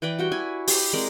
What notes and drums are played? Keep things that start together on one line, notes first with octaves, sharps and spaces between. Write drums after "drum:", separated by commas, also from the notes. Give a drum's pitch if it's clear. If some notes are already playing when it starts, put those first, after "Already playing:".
E3 B4 D5 G5
G3 F#4 G5
E4 G#5
G4, drum: open hi-hat
G#3 C4 A#4 D5